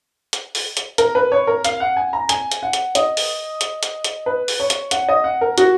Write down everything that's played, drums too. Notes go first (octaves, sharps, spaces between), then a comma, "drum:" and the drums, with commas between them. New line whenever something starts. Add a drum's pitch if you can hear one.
drum: hi-hat
drum: open hi-hat
drum: hi-hat
A#4, drum: hi-hat
B4
C#5
A#4
F5, drum: hi-hat
F#5
G#5
A#5
G#5, drum: hi-hat
drum: hi-hat
F#5
drum: hi-hat
D#5, drum: hi-hat
drum: open hi-hat
drum: hi-hat
drum: hi-hat
drum: hi-hat
B4
drum: open hi-hat
C#5
drum: hi-hat
F#5, drum: hi-hat
D#5
F#5
A#4
F#4, drum: hi-hat